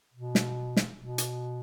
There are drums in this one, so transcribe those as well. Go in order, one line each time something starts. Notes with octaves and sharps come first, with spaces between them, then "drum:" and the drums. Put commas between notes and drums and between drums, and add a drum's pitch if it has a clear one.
B2
drum: snare
drum: snare
B2
drum: hi-hat